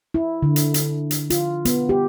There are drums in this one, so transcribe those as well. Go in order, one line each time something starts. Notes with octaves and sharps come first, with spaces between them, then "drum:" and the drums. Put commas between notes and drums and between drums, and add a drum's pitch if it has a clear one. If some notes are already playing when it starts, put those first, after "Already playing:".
E4
D3
drum: hi-hat
drum: hi-hat
drum: hi-hat
F4, drum: hi-hat
B3, drum: hi-hat
G4